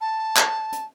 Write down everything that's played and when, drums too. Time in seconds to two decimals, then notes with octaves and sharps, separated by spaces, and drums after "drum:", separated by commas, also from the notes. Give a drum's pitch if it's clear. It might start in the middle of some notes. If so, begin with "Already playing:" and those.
0.01 A5
0.37 drum: clap
0.72 drum: hi-hat